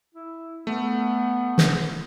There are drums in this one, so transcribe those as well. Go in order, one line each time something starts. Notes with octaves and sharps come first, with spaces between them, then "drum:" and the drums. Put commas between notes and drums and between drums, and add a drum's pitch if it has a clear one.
E4
A3 B3
drum: snare